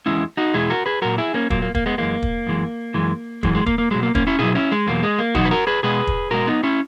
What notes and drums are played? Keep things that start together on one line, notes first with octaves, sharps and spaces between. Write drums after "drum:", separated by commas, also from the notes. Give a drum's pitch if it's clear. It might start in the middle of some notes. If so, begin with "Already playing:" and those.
E2 B2 G#3 C#4 E4
D#4 F#4
E2 B2 G#3 E4 G#4
F#4 A#4
G#4 B4
A#2 F#3 F#4 A#4
E4 G#4
A#3 C#4
A#2 F#3 A#3, drum: kick
A#3
A#3, drum: kick
G#3 B3
F#2 E3 G#3 A#3
drum: kick
F#2 E3 G#3
F#2 E3 G#3
F#2 E3 G#3, drum: kick
G#3
A#3, drum: kick
A#3
B2 F#3 G#3
A#3
A#3 C#4, drum: kick
C#4 E4
B2 F#3 E4 G#4
C#4 E4
G#3
E2 B2 F#3 A#3
G#3
A#3
E2 B2 F#3 D#4 F#4, drum: kick
B4
F#4 A#4
G#4 B4
B2 G#3 G#4 B4
drum: kick
B2 G#3 F#4 A#4
B3 D#4
C#4 E4